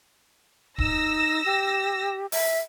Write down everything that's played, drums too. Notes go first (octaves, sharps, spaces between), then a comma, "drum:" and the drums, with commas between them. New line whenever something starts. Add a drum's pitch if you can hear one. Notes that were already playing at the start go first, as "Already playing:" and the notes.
D#4 E6 A#6, drum: kick
G4
E5, drum: open hi-hat